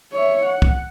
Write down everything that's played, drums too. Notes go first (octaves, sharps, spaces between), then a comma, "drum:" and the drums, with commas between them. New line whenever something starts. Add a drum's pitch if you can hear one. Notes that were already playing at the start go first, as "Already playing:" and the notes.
C#5 E5
F#5
drum: kick